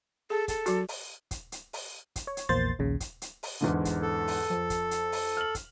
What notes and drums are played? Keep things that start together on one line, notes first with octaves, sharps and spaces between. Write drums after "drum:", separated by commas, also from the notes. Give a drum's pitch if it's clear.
G#4 A4
A4, drum: kick, hi-hat
F#3 F#4, drum: hi-hat
drum: open hi-hat
drum: kick, hi-hat
drum: hi-hat
drum: open hi-hat
drum: kick, hi-hat
C#5
drum: hi-hat
A#1 E2 A#3 C5 C6 A6
A#1 D#2 C#3
drum: kick, hi-hat
drum: hi-hat
drum: open hi-hat
E2 G#2 D3
drum: kick, hi-hat
A4
drum: open hi-hat
F2
drum: kick, hi-hat
drum: hi-hat
drum: open hi-hat
F6 F#7
drum: kick, hi-hat